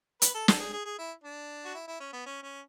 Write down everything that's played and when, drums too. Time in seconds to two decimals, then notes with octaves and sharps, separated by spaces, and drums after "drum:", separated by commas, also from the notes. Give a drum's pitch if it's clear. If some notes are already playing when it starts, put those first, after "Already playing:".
0.22 B4, drum: hi-hat
0.35 A4
0.48 A4, drum: snare
0.60 G#4
0.73 G#4
0.85 G#4
0.99 E4
1.24 D4
1.65 F#4
1.75 E4
1.88 E4
2.00 C#4
2.13 B3
2.26 C#4
2.43 C#4